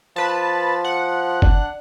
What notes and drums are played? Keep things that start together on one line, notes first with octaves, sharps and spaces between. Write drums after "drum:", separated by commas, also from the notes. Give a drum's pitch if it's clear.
F3 B4 A5
F#5
D4, drum: kick F#1